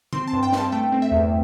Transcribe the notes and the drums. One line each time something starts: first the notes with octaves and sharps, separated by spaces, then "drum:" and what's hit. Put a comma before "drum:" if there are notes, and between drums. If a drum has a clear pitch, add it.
C4 C6, drum: tom
A5
G2
G5
G2 A5, drum: snare
A3 G5
C4
E5
E2